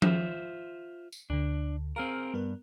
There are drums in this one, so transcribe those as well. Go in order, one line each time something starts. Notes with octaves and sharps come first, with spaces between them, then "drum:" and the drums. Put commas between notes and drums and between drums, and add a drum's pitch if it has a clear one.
F4 C5 E5, drum: tom F3
drum: tambourine
D2 D3 D4
C4 G#4 A#4 F5 F6
G2 B3 A#4